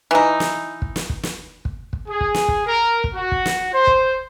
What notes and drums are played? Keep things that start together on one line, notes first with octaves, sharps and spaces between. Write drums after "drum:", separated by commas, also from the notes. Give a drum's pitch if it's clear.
E3 D#4
drum: snare
drum: kick
drum: snare
drum: kick
drum: snare
drum: kick
drum: kick
G#4
drum: kick
drum: snare
drum: kick
A#4
drum: kick
F#4
drum: kick
drum: snare
C5
drum: kick